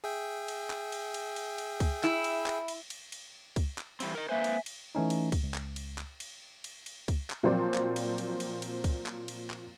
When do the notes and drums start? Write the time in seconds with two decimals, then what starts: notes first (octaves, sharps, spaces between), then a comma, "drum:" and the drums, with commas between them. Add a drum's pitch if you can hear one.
0.04 G#4 E5 G5
0.48 drum: cymbal
0.70 drum: clap
0.92 drum: cymbal
1.14 drum: cymbal
1.36 drum: cymbal
1.58 drum: cymbal
1.80 drum: kick C#2, cymbal
2.04 E4, drum: clap
2.24 drum: cymbal
2.46 drum: clap
2.68 drum: cymbal
2.90 drum: cymbal
3.12 drum: cymbal
3.56 drum: kick C#2, cymbal
3.78 drum: clap
4.00 E3 G3 C4, drum: cymbal
4.15 A#4 D#5
4.29 A#3 B4 C5 E5 G#5
4.44 drum: cymbal
4.66 drum: cymbal
4.95 E3 A3 C#4 D#4
5.10 drum: cymbal
5.32 drum: kick C#2, cymbal
5.43 C#2
5.54 drum: clap
5.76 drum: cymbal
5.98 drum: clap
6.20 drum: cymbal
6.64 drum: cymbal
6.86 drum: cymbal
7.08 drum: kick C#2, cymbal
7.30 drum: clap
7.43 A#2 F3 F#3 C4 C5 D5
7.74 drum: clap
7.96 drum: cymbal
8.18 drum: cymbal
8.40 drum: cymbal
8.62 drum: cymbal
8.84 drum: kick C#2, cymbal
9.06 drum: clap
9.28 drum: cymbal
9.50 drum: clap